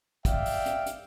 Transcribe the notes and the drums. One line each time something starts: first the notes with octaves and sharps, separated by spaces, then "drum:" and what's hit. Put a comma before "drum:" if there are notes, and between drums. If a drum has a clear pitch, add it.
D5 E5 F5 G5, drum: kick, hi-hat
drum: open hi-hat
drum: hi-hat
drum: hi-hat